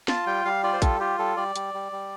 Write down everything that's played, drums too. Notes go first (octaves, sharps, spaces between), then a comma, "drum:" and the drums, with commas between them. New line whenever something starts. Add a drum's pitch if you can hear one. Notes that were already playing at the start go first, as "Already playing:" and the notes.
F4 A5, drum: snare
G3 G5
G3 F5
F4 D5
C5
G3 A4, drum: kick A#1, hi-hat
F4 G4
G3 A4
G3 D5
G3, drum: hi-hat
G3
G3